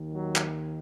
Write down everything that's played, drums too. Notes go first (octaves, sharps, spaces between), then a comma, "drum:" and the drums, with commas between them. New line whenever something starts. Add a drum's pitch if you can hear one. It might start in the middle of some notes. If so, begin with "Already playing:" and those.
Already playing: D#2 D#3
F#3
drum: clap